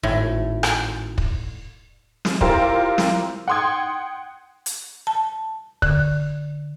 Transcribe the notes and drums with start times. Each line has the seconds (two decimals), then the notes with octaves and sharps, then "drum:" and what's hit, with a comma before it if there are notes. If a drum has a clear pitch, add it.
0.03 G#1 A2
0.63 drum: rim click
1.18 drum: kick
2.25 drum: snare
2.41 E4 F4 G4 A#4 C5, drum: kick
2.98 drum: snare
3.48 F#5 G5 C6 D#6 G#6
4.66 drum: hi-hat
5.07 A5
5.82 D3, drum: kick